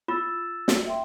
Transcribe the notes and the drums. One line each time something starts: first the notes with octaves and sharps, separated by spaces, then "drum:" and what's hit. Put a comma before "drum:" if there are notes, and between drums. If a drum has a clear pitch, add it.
F4 E6 A6 E7
drum: snare
E5 G5 C6